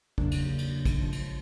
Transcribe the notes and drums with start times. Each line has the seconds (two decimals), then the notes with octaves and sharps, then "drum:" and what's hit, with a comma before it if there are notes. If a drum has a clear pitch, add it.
0.18 E2 C#3 F#3 A#3 D4, drum: kick
0.32 drum: cymbal
0.59 drum: cymbal
0.85 drum: kick, cymbal
0.99 A#1 G#2 F3
1.12 drum: cymbal